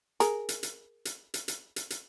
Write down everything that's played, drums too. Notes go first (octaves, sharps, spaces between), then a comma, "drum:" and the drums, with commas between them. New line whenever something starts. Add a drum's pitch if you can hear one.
G#4 A#4, drum: hi-hat
drum: hi-hat
drum: hi-hat
drum: hi-hat
drum: hi-hat
drum: hi-hat
drum: hi-hat
drum: hi-hat